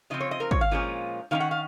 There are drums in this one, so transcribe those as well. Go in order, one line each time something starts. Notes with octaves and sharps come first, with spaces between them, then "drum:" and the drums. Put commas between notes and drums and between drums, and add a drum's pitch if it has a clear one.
C#3 F3 C4 D#5
C#5
D#5
A#4
C#5, drum: kick
F5
A#2 F3 G#3 C#4
D#3 A#3 C#4 F5
F#5
F5